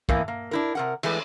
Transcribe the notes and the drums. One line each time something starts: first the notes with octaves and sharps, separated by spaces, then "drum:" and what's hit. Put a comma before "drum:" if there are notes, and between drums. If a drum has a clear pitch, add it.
A2 E3 A#3 B3, drum: kick
A#3
D4 E4 A#4
C3 A#4 F#5
E3 G#3 A3 B4, drum: cymbal